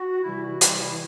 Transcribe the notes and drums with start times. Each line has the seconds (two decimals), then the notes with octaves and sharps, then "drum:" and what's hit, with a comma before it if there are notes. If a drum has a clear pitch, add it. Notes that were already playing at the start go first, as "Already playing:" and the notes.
Already playing: F#4
0.22 C3 E3 G3 E4
0.42 F#4
0.61 C3 E3 G3 E4, drum: hi-hat
0.80 E4